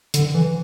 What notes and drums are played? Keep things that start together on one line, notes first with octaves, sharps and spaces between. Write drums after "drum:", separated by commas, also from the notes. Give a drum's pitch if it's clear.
D3, drum: hi-hat
E3